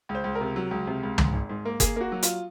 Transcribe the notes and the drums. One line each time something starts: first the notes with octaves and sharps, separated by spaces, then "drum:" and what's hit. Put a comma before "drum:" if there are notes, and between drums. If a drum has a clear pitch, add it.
C#2
C5
C#2
A#4
C3
F#3
C#2
C3
C#2
G#2, drum: tom
G#1
G#2
A#3
A#3 G#4, drum: kick F#1, hi-hat
A#3 F#4
F#3
F4, drum: hi-hat